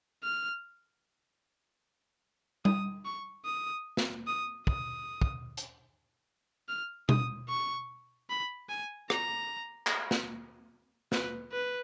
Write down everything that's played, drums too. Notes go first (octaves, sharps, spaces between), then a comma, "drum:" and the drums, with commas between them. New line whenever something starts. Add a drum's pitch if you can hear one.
F6
D#6, drum: tom G3
C#6
D#6
drum: snare
D#6
D#6, drum: kick
drum: kick
drum: hi-hat
F6
D#6, drum: tom B2
C#6
B5
G#5
A#5, drum: rim click
drum: clap
drum: snare
B4, drum: snare
B4